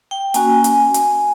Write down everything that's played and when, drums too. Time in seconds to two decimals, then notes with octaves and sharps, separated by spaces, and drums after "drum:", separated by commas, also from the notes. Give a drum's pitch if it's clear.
0.11 G5
0.34 A#3 C#4 F#4 G#5, drum: hi-hat
0.64 drum: hi-hat
0.94 drum: hi-hat